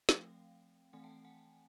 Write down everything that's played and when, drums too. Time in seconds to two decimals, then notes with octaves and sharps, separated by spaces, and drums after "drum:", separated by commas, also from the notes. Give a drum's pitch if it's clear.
0.09 F3 A3 C4 F5 G5, drum: snare
0.93 E3 A3 C4 F#5 G#5
1.04 G5 A5
1.25 F#5 G#5